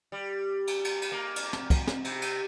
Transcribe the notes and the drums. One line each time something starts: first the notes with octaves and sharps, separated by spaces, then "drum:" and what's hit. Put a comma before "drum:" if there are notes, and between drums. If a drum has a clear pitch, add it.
G3
drum: cymbal
drum: cymbal
drum: cymbal
A#3
drum: cymbal
drum: snare
drum: kick, cymbal
drum: snare
C3, drum: cymbal
drum: cymbal